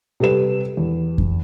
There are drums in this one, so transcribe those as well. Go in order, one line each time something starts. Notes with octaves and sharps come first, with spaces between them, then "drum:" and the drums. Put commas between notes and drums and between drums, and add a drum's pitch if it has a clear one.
C3 G3 A4 B4 E7
E2
drum: kick F2